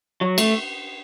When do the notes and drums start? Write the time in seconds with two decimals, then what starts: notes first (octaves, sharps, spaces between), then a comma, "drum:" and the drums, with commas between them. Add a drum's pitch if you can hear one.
0.21 F#3
0.38 A3, drum: cymbal